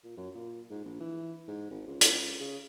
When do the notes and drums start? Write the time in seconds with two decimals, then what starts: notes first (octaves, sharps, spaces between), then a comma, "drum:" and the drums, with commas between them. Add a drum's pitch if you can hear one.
0.04 A#2
0.17 F#2
0.35 A#2
0.70 G#2
0.84 A#1
1.00 E3
1.48 G#2
1.71 G#1
1.87 C#2
2.01 drum: hi-hat
2.40 C#3